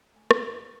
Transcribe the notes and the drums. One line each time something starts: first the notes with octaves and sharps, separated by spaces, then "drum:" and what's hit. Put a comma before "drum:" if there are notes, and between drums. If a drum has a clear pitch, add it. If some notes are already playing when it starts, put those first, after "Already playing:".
A3 G#5
G5, drum: rim click
F#2 E3 C#4 D4
B4